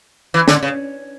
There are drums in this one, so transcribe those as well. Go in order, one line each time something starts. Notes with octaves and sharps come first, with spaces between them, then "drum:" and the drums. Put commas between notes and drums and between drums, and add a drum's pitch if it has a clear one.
E3
D3, drum: snare
C#3